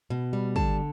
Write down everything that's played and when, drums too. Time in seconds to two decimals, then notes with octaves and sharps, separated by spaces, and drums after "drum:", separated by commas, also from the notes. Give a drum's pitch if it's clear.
0.10 B2
0.33 G3
0.56 D3 A5, drum: kick